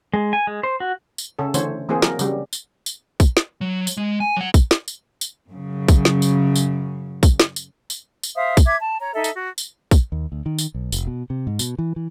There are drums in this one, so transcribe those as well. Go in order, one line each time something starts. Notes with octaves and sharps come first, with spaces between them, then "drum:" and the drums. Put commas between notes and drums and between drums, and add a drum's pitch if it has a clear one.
G#3
G#5
G#3
C5
F#4
drum: tambourine
C#3 C#4 A4
D3 E3 A3 C#4 C5 C#5, drum: tambourine
E3 A#3 C4 G#4 C5
F#3 A#4, drum: snare
C#3 F#3 G3, drum: tambourine
drum: tambourine
drum: tambourine
drum: kick, tambourine
drum: snare
F#3
drum: tambourine
G#3
G#5
F#3 F#5
drum: kick, tambourine
drum: snare
drum: tambourine
drum: tambourine
F#2 C#3
drum: kick, tambourine
drum: snare
drum: tambourine
drum: tambourine
drum: kick, tambourine
drum: snare
drum: tambourine
drum: tambourine
drum: tambourine
C5 E5 F5 D#6
drum: kick, tambourine
E5 D6 G#6
A5
C#5 A#5
D#4 A4 E5
drum: tambourine
F#4
drum: tambourine
drum: kick, tambourine
D#2
D2
D#3
drum: tambourine
B1
F1, drum: tambourine
B2
C3
G#2
B2, drum: tambourine
E3
E3